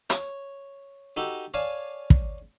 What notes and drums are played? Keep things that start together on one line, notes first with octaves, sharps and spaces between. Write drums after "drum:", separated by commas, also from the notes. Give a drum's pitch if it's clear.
C#5, drum: hi-hat
D#4 F#4 G4 A4
C#5 D5 F5 G#5 A5
drum: kick